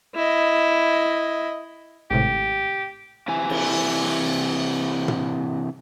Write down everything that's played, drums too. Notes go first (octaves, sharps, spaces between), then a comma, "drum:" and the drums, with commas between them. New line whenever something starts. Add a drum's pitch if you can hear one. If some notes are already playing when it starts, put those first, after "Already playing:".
E4 D#5
G#1 A2 C3 G4
C3 E3 E4 G#5
drum: cymbal
drum: tom